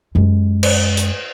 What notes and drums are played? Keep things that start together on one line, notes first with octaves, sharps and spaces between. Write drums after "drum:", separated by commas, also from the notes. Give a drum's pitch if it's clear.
F#2 G#3
drum: cymbal
drum: hi-hat